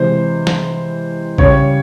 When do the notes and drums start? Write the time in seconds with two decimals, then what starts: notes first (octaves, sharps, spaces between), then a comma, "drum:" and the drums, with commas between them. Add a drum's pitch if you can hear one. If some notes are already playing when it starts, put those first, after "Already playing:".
Already playing: C3 E3 G#3 C5
0.47 drum: snare
1.38 C#3 G3 C#5, drum: kick A#1